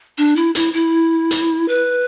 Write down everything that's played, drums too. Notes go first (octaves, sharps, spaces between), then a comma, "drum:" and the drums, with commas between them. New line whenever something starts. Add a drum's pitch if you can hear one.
D4
E4
E4, drum: hi-hat
E4
drum: hi-hat
B4